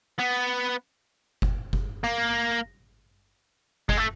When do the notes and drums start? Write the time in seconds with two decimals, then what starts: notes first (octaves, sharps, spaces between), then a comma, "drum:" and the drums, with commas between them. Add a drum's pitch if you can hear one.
0.19 B3
1.42 drum: kick F#1
1.73 drum: kick F#1
2.04 A#3
3.89 G#3, drum: kick F#1
3.97 A3